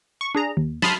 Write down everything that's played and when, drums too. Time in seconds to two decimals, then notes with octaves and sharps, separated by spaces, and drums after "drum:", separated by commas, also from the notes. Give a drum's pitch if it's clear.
0.21 C#6
0.35 D4 G#4 A#5
0.57 D#2
0.82 A5 B5 C6 D#6 F6, drum: snare